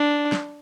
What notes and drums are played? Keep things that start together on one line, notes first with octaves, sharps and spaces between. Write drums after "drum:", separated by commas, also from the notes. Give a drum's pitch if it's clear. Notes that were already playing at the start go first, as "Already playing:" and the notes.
Already playing: D4
drum: snare